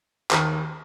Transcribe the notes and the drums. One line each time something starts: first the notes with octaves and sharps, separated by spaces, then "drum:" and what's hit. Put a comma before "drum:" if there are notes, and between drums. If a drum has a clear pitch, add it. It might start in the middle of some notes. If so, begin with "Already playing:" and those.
D#2 D#3, drum: clap